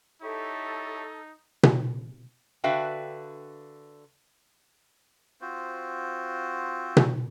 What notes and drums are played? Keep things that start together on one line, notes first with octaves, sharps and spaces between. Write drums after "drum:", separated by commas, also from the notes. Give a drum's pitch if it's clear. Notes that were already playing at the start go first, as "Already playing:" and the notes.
D#4 E4 G4 A4 C#5
drum: tom B2
D3 F#4 B4 E5 F5 G5
C4 F4 F#4 C5
drum: tom B2